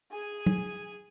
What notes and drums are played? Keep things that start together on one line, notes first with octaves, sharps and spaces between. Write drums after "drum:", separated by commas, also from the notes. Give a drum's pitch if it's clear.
G#4 G#5
drum: tom